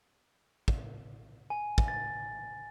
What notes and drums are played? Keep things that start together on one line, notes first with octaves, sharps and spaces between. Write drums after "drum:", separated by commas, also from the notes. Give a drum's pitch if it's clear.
drum: kick
G#5
drum: kick
A6